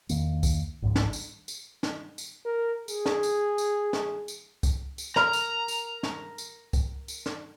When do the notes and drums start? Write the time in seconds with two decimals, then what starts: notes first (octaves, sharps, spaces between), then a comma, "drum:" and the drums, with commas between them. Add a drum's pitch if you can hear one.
0.09 E2 D#3 A#3, drum: tambourine
0.43 drum: kick C2, tambourine
0.82 G#1 C#2 G#2 F3
0.95 drum: snare
1.13 drum: tambourine
1.48 drum: tambourine
1.83 drum: snare
2.18 drum: tambourine
2.46 A#4
2.88 G#4, drum: tambourine
3.06 drum: snare
3.23 drum: tambourine
3.58 drum: tambourine
3.93 drum: snare
4.28 drum: tambourine
4.63 drum: kick C2, tambourine
4.98 drum: tambourine
5.16 A#4 A#5, drum: snare
5.33 drum: tambourine
5.68 drum: tambourine
6.03 drum: snare
6.38 drum: tambourine
6.73 drum: kick C2, tambourine
7.08 drum: tambourine
7.26 drum: snare